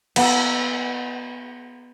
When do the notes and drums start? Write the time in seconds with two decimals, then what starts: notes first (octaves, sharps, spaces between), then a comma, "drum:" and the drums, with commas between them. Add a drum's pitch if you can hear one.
0.16 B3 F#5 E6, drum: cymbal